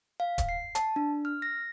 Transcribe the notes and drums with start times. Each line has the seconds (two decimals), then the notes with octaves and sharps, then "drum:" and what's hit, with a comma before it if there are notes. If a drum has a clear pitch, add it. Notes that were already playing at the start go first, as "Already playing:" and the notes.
0.20 F5
0.38 drum: kick D1, hi-hat
0.49 C7
0.75 A5, drum: hi-hat
0.96 D4
1.25 F6
1.42 A#6